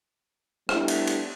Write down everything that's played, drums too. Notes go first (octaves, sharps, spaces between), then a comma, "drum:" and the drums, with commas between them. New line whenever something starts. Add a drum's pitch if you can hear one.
G3 A3 B3 D4 E4 G4, drum: rim click
drum: cymbal
drum: cymbal